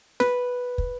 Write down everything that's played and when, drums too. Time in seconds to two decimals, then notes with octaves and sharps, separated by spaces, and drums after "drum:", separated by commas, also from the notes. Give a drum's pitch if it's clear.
0.20 B4, drum: snare
0.78 drum: kick